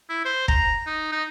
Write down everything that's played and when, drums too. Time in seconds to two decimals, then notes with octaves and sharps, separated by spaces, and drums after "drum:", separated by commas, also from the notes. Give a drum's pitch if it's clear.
0.09 E4
0.25 C5
0.48 A#5, drum: kick
0.86 D#4
1.12 D#4